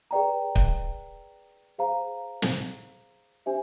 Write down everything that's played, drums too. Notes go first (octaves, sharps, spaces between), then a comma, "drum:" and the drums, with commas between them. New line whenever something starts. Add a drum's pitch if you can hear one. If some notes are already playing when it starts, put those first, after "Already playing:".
G#4 B4 D5 G5 A#5
drum: kick C#1
G#4 C5 F5 A#5
drum: snare
D4 G4 C5 E5 G#5